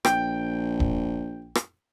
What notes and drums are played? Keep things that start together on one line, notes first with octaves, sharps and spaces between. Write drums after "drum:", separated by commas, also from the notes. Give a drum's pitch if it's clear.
A#1 G5, drum: rim click
drum: kick
drum: rim click